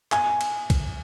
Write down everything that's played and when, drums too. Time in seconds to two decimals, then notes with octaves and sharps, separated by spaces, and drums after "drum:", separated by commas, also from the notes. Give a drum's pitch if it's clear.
0.12 G#5, drum: clap
0.41 drum: cymbal
0.70 drum: kick, cymbal